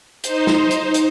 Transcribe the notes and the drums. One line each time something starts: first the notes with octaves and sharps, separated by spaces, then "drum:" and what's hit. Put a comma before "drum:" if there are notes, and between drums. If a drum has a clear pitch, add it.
D#4 C5, drum: hi-hat
drum: snare
drum: hi-hat
drum: hi-hat